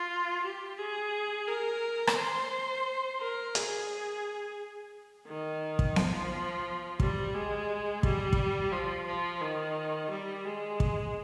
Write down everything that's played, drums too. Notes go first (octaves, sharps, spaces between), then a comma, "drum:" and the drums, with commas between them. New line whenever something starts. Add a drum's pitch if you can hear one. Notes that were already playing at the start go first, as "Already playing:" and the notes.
Already playing: F4
G4
G#4
A#4
drum: rim click
C5
A#4
G#4, drum: hi-hat
D#3
drum: kick
F3, drum: snare B3
G3, drum: kick
G#3
G3, drum: kick
drum: kick
F3
F3
D#3
G3
G#3
drum: kick